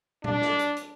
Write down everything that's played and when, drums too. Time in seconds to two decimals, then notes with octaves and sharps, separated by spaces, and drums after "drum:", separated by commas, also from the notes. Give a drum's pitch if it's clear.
0.24 D4, drum: tom A#2
0.42 drum: snare
0.59 drum: hi-hat
0.77 drum: hi-hat